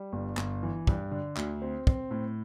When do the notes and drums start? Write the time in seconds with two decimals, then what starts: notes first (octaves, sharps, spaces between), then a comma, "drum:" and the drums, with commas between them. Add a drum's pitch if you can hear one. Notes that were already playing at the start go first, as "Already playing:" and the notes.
Already playing: G3
0.12 G1
0.37 G1, drum: clap
0.63 E3
0.87 G2, drum: kick
1.11 D3
1.37 D2, drum: clap
1.62 C4
1.87 C4, drum: kick
2.11 A2